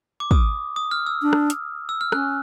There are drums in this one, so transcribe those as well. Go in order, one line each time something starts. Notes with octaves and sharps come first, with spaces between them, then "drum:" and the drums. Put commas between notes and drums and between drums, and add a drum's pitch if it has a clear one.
D6
D#6, drum: kick
D#6
F6
E6
D4
drum: rim click
drum: hi-hat
E6
F6
C#4 F#6, drum: rim click